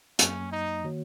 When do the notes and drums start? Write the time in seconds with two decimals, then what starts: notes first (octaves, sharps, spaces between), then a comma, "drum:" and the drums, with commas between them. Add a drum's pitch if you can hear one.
0.19 F#2 F#3 A#3 C#4, drum: hi-hat
0.51 D#4
0.84 D#3 A#3 F#4 C#5